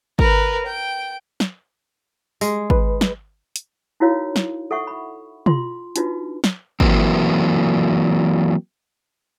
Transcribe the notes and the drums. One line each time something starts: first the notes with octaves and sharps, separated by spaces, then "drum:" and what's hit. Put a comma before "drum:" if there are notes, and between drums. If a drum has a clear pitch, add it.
A#4 B4, drum: kick
G5
drum: snare
G#3, drum: tambourine
B4, drum: kick
drum: snare
drum: hi-hat
D#4 E4 F#4 A#4 C#5 F5
drum: snare
A4 E5 F#5 C#6
B5
F4 C6, drum: tom
D4 D#4 F4 F#4 B4, drum: hi-hat
drum: snare
E3 F#3 A#3 C4, drum: kick